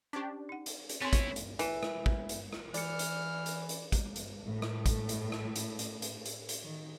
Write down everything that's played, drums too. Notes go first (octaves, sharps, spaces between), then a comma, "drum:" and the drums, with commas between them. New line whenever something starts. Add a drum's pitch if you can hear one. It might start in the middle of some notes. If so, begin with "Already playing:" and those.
C#4 D4 G4 C5 C#6
D#4 F#5
drum: hi-hat
drum: hi-hat
B3 C4 E4 C#5 G#5 C6 C#6
drum: kick, hi-hat
drum: hi-hat
E3, drum: hi-hat
drum: rim click
drum: kick
drum: hi-hat
drum: rim click
E3 D5 F6 C#7, drum: hi-hat
drum: hi-hat
drum: hi-hat
drum: hi-hat
drum: kick, hi-hat
drum: hi-hat
A2
drum: rim click
drum: kick, hi-hat
drum: hi-hat
drum: rim click
drum: hi-hat
drum: hi-hat
drum: hi-hat
drum: hi-hat
drum: hi-hat
D#3